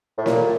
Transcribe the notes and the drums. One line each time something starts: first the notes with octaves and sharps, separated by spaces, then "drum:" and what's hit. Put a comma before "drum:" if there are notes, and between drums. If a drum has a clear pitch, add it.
A2
A#2, drum: snare